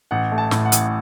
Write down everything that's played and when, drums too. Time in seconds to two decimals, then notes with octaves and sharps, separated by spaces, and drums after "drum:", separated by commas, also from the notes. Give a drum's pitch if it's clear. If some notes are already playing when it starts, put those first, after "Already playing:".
0.11 A1 F#5
0.32 A3
0.38 A5
0.51 A2, drum: snare
0.65 F#5
0.72 A1, drum: hi-hat